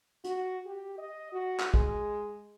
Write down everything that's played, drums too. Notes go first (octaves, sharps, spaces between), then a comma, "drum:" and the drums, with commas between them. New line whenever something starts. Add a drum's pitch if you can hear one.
F#4, drum: hi-hat
G4
D#5
F#4
drum: clap
G#3, drum: kick